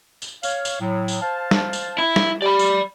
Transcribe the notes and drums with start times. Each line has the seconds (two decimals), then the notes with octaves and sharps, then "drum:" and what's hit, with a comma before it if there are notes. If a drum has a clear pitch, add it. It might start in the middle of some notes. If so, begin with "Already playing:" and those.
0.22 drum: tambourine
0.43 C#5 F5, drum: tambourine
0.65 drum: tambourine
0.80 A2 F#3
1.08 drum: tambourine
1.22 C5 F5 A5
1.51 drum: snare
1.73 drum: tambourine
1.98 E4
2.16 drum: snare
2.42 G4 D5 B5
2.59 drum: tambourine